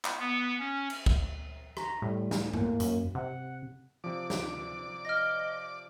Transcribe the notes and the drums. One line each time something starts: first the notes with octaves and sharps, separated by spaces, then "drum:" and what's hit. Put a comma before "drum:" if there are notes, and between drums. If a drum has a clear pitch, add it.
drum: clap
B3
C#4
drum: cymbal
drum: kick
A#5, drum: rim click
A2 G3
drum: snare
A#3, drum: tom G2
F#2, drum: hi-hat
C3 F#5
C3 F3 D5 D6
drum: snare
D#5 F6 A#6